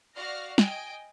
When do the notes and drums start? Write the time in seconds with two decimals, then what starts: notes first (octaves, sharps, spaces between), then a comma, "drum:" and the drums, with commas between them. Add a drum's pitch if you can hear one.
0.16 F#4 D5 F5 F6 A#6
0.58 D#5 G5 G#5 D7, drum: snare